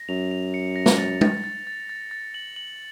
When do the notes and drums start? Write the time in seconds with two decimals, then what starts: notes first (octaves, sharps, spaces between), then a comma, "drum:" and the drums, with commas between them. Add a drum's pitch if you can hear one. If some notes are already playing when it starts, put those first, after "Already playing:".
Already playing: A#6
0.08 F#2 F7
0.31 F7
0.54 C#7
0.76 A#6
0.86 drum: snare
0.98 A6
1.21 A6, drum: tom G#3
1.44 A6
1.67 A6
1.89 A6
2.11 A6
2.34 F#7
2.56 F#7